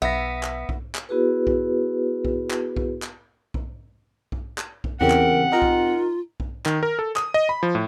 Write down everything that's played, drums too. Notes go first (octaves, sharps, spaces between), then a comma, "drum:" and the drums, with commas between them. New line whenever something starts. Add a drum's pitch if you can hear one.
B1 B3 E5 A#6
drum: clap
drum: kick B1
drum: clap
B3 E4 F#4 G#4 B4
drum: kick B1
drum: kick B1
drum: clap
drum: kick B1
drum: clap
drum: kick B1
drum: kick B1
drum: clap
drum: kick B1
E2 C#3 C4 G4 A#4 F#5
drum: clap
D#4 F4 A#4
drum: kick B1
drum: kick B1
D#3, drum: clap
A#4
A4
D#6, drum: clap
D#5
B5
F3
A2